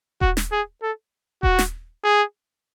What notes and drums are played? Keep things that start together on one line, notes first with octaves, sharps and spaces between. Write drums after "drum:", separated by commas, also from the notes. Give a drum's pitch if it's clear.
F#4, drum: kick D#1
drum: snare
G#4
A4
F#4, drum: kick D#1
drum: snare
G#4